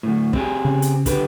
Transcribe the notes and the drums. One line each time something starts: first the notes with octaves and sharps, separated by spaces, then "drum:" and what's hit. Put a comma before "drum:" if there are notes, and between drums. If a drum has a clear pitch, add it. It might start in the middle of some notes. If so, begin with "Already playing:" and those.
D2 A2
C4 G4 G#4, drum: kick
C#3
drum: hi-hat
D3 G4 B4, drum: kick, hi-hat